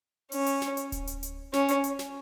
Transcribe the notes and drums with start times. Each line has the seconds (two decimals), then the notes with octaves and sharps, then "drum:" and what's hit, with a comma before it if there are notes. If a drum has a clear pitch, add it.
0.32 C#4, drum: open hi-hat
0.46 drum: hi-hat
0.62 drum: snare
0.77 drum: hi-hat
0.92 drum: kick D1, hi-hat
1.07 drum: hi-hat
1.23 drum: hi-hat
1.53 C#4, drum: snare
1.68 drum: hi-hat
1.84 drum: hi-hat
1.99 drum: snare